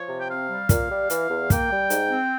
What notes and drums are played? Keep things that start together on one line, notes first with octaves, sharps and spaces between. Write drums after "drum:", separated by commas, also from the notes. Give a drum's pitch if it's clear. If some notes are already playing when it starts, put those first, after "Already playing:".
Already playing: F3 C#5
C3
G5
C4 F5
G3
A#2, drum: kick, hi-hat
G3
E3, drum: hi-hat
E2
A#3 G5, drum: kick, hi-hat
G3
G#2, drum: hi-hat
C4